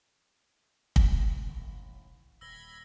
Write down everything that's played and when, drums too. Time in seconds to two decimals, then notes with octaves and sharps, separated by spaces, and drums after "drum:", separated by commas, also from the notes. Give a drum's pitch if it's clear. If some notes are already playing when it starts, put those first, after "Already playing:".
0.96 drum: kick
1.48 E1 A1 G#2
2.41 D#1 D#2 B5 E6 G#6 A#6 G7